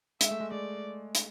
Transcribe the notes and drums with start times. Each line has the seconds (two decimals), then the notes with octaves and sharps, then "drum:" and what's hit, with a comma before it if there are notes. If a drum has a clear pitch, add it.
0.21 G#3 E5, drum: hi-hat
0.31 A3
0.40 G#3
0.52 G#3 D5
1.15 drum: hi-hat